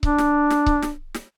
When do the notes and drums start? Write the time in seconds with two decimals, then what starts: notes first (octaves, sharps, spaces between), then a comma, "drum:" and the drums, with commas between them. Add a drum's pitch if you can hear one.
0.03 D4, drum: kick C#1
0.18 drum: snare
0.50 drum: snare
0.66 drum: kick C#1
0.82 drum: snare
1.14 drum: snare